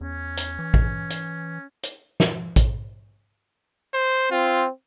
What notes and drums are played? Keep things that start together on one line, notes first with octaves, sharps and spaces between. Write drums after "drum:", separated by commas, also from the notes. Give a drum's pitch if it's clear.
E2 C#4
drum: hi-hat
E3
drum: kick A1
drum: hi-hat
drum: hi-hat
drum: snare
drum: kick A1, hi-hat
C5
C4 F4